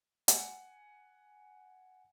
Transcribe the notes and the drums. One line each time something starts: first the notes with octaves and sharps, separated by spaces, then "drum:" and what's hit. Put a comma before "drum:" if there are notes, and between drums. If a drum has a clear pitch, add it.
F#5 G#5, drum: hi-hat